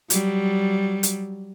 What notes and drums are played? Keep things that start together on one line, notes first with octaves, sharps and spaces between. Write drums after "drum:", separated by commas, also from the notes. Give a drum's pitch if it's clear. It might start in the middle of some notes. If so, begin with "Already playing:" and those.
F#3 G3, drum: hi-hat
drum: hi-hat